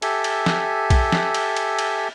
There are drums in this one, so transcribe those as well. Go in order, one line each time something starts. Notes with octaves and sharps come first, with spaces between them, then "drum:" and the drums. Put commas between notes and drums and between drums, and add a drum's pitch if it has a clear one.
G4 A4 E5 G#5, drum: cymbal
drum: cymbal
drum: snare
drum: kick A#1, cymbal
drum: snare
drum: cymbal
drum: cymbal
drum: cymbal